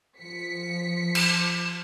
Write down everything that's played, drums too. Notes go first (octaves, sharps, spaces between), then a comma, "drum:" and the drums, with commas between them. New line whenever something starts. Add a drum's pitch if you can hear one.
F3 B6 C#7
drum: cymbal